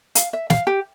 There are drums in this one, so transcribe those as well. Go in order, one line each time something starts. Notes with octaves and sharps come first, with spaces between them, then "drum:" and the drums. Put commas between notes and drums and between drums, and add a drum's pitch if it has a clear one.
F5, drum: hi-hat
E5
F5, drum: snare
G4